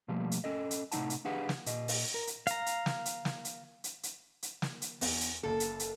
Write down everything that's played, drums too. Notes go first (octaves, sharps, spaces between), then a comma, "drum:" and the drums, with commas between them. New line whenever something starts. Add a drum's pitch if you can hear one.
B2 F3 G3 A3 A#3
drum: hi-hat
C#4 A4 D#5
drum: hi-hat
A2 C3 G#3 D#4 F#5 A5, drum: hi-hat
drum: hi-hat
D4 G4 G#4 B4 F5 F#5
drum: snare
A#2 D#5, drum: hi-hat
drum: open hi-hat
A#4
drum: hi-hat
F5 A#5, drum: hi-hat
drum: hi-hat
drum: snare
drum: hi-hat
drum: snare
drum: hi-hat
drum: hi-hat
drum: hi-hat
drum: hi-hat
drum: snare
drum: hi-hat
E2, drum: open hi-hat
drum: hi-hat
F#1 A#3 A4
drum: hi-hat
drum: hi-hat